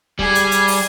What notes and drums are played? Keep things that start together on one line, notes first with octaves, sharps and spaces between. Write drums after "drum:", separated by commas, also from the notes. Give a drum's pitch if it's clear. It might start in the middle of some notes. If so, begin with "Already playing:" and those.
G3 G#4 G#5, drum: kick
drum: hi-hat
drum: hi-hat
drum: open hi-hat